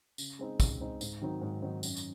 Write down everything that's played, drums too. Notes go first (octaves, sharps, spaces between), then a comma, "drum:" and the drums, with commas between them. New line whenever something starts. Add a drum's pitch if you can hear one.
C#3, drum: tambourine
G#3 C4 D#4
C#3, drum: kick, tambourine
G#3 C4 D#4
G#2, drum: tambourine
D#3 F#3 C4 D#4
G#2
D#3 F#3 C4 D#4
F#2, drum: tambourine
drum: tambourine